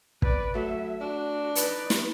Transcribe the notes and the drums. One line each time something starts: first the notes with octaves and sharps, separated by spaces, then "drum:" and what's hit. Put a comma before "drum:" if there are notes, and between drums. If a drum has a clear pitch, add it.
B4 D5, drum: kick
F#3 A3 E5
D4 F#4
D#4 B4 D5, drum: hi-hat
drum: snare